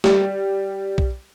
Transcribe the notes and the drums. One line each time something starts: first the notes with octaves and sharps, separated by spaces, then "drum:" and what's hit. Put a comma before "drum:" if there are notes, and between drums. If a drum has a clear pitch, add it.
G3, drum: snare
drum: kick B1